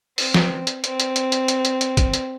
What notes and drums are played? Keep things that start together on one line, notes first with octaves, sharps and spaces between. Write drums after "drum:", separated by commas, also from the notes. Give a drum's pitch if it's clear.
C4, drum: open hi-hat
drum: snare
drum: hi-hat
C4, drum: hi-hat
drum: hi-hat
drum: hi-hat
drum: hi-hat
drum: hi-hat
drum: hi-hat
drum: hi-hat
drum: kick, hi-hat
drum: hi-hat